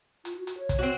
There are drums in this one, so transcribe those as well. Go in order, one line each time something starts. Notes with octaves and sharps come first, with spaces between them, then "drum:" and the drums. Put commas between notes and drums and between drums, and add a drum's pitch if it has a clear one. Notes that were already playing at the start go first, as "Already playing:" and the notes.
F4, drum: hi-hat
F#4
drum: hi-hat
C#5
drum: kick, hi-hat
C4 F#4